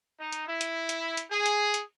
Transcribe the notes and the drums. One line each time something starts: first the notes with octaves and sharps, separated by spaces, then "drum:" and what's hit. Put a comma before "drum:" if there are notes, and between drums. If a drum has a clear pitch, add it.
D#4
drum: hi-hat
E4
drum: hi-hat
drum: hi-hat
drum: hi-hat
G#4
drum: hi-hat
drum: hi-hat